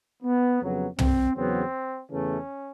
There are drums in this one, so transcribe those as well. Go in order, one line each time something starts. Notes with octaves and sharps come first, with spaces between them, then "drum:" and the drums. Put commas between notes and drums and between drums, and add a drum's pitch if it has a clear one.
B3
F2 C#3 F#3 B3
C4, drum: tom
E2 C#3 F#3 B3 C4
E2 C#3 E3 A3 C#4